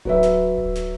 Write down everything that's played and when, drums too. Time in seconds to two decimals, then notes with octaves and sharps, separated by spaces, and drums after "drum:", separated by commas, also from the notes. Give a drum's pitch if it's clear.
0.05 F#3 B4 E5, drum: kick D1
0.23 drum: snare
0.58 drum: kick D1
0.75 drum: snare